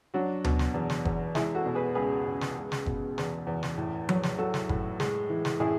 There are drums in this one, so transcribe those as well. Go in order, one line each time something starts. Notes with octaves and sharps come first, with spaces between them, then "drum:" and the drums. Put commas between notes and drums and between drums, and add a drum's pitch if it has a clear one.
F#3 D4 F#4
B2, drum: tom D2
drum: snare
E2
drum: snare
E2, drum: kick F#1
G#3 E4 G#4, drum: snare
F#4 A4
B2
G#4 B4
C#2 G#4 B4
C#2
drum: snare
G#3
drum: snare
B2, drum: kick F#1
E2, drum: snare
E2
drum: snare
A2
F#3, drum: tom F3
drum: snare
F#3 F#4 A4
drum: snare
A2, drum: kick F#1
G#3, drum: snare
E3
drum: snare
A2 E4 G#4